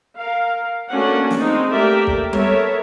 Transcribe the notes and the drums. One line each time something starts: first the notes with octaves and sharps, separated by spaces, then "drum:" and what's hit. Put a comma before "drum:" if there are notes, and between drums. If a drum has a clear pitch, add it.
A#4 F5
A3 A#3 C#4 D4 F#4 F#5
drum: snare
G#3 C4 D#4
A3 A#3 G4 A#4 D5 E5
drum: kick
B3 A4 A#4 C#5 E5, drum: tom G3